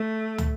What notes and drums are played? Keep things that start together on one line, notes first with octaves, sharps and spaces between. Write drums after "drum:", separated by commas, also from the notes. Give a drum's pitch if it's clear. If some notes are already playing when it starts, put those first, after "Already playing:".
Already playing: A3
drum: tom